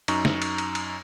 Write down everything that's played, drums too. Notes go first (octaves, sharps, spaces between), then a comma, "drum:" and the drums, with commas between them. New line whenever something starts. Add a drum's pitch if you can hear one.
F#2 D#4 A#5 C#6, drum: cymbal
drum: snare
drum: cymbal
drum: cymbal
drum: cymbal